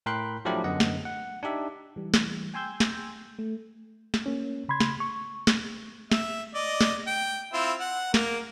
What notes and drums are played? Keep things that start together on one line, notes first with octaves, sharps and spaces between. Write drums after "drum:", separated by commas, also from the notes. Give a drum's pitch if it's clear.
A2 A#4 G5 B5 C6 F#6
F3 F#3 A3 D4 E4 G4
F#2 D3 B3 D#5 F#5
drum: snare
F#5
D4 D#4 G4 E5
E3 G3
drum: snare
G5 G#5 C6 E6 G6 G#6
drum: snare
A3
drum: snare
A#3 C#4
C#3 B5 C6 G#6
drum: snare
C#6
drum: snare
E5, drum: snare
D5 D#5
drum: snare
G5
C4 E4 F4
F#5
A#3 A#4, drum: snare